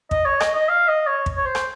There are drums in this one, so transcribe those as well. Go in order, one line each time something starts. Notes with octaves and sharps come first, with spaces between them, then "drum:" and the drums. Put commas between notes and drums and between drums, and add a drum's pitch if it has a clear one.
D#5, drum: kick
C#5
D#5, drum: rim click
D#5
F5
D#5
C#5
drum: kick
C#5
C5
drum: rim click